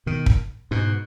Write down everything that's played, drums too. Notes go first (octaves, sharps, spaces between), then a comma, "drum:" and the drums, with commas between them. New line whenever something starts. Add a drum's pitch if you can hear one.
B2 D#3
drum: kick
G#2 B2